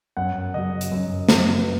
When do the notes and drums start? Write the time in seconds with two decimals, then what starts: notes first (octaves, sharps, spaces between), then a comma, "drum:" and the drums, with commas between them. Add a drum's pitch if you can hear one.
0.17 F#2 F#5
0.54 C#3 F#3 D#5
0.81 drum: hi-hat
0.91 F#2
1.29 C#3 F#3, drum: snare
1.60 B4